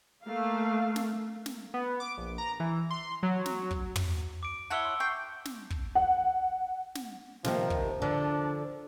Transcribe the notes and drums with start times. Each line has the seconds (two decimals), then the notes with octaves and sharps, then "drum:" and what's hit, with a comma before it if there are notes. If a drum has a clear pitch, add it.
0.24 A3 A#3 F5
0.96 drum: snare
1.46 drum: snare
1.74 B3
2.00 D6
2.17 A#1
2.38 A#5
2.60 E3
2.91 C6
3.23 F#3
3.46 drum: snare
3.71 drum: kick
3.96 drum: tom
4.43 D6 D7
4.70 E4 C#5 F#5 A5 E6 G7
4.85 C6
5.00 G5 C#6 C7
5.45 drum: snare
5.70 drum: kick
5.95 F#5
6.95 drum: snare
7.44 C3 D#3 F3 A#3, drum: snare
7.70 drum: kick
8.02 D3 F3 D4